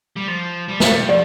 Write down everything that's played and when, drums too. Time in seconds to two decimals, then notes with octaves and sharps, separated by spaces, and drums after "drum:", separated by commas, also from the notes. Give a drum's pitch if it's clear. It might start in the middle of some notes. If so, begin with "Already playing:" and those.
0.17 G3
0.28 F3
0.68 G3
0.80 A3, drum: snare
0.91 G3
1.03 G3
1.09 F3 G4 D5